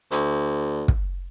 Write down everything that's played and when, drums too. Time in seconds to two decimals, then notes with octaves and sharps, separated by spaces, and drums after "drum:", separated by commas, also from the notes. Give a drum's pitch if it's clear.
0.12 D2, drum: hi-hat
0.88 drum: kick